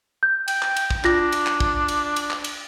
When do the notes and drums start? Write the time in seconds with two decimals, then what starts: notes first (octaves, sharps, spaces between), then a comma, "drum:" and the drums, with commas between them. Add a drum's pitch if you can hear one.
0.23 G6
0.48 G5, drum: cymbal
0.62 drum: clap
0.76 drum: cymbal
0.90 drum: kick
1.04 D4 F4 A#6, drum: clap
1.32 drum: cymbal
1.46 drum: clap
1.60 drum: kick
1.88 drum: cymbal
2.16 drum: cymbal
2.30 drum: clap
2.44 drum: cymbal